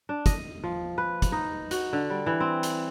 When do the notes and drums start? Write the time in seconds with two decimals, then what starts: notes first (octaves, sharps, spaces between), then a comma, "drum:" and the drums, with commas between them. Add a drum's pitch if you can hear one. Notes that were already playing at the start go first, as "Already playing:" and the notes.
0.09 D4
0.26 D#5, drum: kick, hi-hat
0.64 F3
0.98 B4
1.22 drum: kick, hi-hat
1.32 D#4
1.71 F#4, drum: hi-hat
1.93 D3
2.10 G3
2.26 E3
2.40 C4
2.63 drum: hi-hat